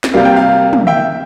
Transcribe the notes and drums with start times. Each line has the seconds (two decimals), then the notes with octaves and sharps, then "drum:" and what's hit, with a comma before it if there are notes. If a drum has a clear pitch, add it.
0.04 drum: snare
0.14 C3 G3 A#3 F5
0.25 G5
0.36 F5
0.73 drum: tom
0.87 E5 G5